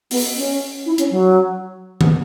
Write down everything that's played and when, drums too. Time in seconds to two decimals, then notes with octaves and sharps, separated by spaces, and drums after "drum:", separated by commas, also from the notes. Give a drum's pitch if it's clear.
0.11 B3, drum: open hi-hat
0.37 C#4
0.86 E4
0.98 C#4, drum: hi-hat
1.11 F#3
2.01 drum: tom D#3